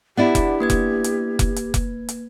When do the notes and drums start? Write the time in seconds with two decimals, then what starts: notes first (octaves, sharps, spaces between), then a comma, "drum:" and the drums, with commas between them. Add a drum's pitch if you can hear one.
0.17 B3 D4 E4 G4 D5 F#5
0.35 drum: kick F1, hi-hat
0.60 A#3 B4 G#6
0.70 drum: kick F1, hi-hat
1.04 drum: hi-hat
1.39 drum: kick F1, hi-hat
1.56 drum: hi-hat
1.74 drum: kick F1, hi-hat
2.09 drum: hi-hat